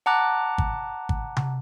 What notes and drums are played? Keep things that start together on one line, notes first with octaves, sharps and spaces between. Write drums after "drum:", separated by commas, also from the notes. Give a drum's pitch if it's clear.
F#5 A5 A#5 D6 F#6
drum: kick
drum: kick
drum: tom C3